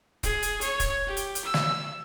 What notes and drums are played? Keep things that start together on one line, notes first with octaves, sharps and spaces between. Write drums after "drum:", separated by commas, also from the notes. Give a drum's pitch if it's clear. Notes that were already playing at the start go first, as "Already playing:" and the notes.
G#4, drum: kick, hi-hat
drum: hi-hat
C#5, drum: hi-hat
drum: kick, hi-hat
G4
drum: hi-hat
drum: hi-hat
E6
drum: snare